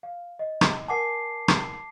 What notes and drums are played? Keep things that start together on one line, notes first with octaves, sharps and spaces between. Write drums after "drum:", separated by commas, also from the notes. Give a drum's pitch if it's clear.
F5
D#5
drum: rim click
A#4 F#5 G#5 A5 D6 C7
drum: rim click